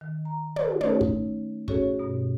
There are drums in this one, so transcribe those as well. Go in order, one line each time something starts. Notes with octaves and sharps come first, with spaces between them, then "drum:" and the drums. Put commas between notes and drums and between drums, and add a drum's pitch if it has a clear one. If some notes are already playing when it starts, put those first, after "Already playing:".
D#3
A#5
drum: tom
A3 C#4 D#4 C#5, drum: tom
drum: kick
C#4 F#4 G#4 A4 C#5, drum: kick
G2 B2